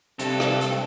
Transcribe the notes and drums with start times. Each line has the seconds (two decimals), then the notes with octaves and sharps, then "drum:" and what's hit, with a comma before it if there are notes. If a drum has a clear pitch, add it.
0.19 G2 C3 A4, drum: hi-hat
0.40 drum: rim click
0.61 drum: hi-hat